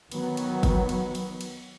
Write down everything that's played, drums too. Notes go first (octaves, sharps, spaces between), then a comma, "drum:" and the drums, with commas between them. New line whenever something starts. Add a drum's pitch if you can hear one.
D#3 F#3 B3, drum: cymbal
drum: cymbal
drum: kick, cymbal
drum: cymbal
drum: cymbal
drum: cymbal